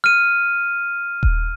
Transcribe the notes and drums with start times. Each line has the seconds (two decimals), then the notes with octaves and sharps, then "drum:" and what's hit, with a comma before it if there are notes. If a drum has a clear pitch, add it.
0.04 F6 D#7
1.23 drum: kick D#1